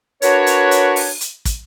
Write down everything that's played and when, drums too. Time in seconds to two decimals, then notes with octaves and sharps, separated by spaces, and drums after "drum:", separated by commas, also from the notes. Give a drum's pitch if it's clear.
0.22 D4 F#4 A#4 B4 C#5, drum: hi-hat
0.47 drum: hi-hat
0.71 drum: hi-hat
0.96 drum: open hi-hat
1.21 drum: hi-hat
1.45 drum: kick, hi-hat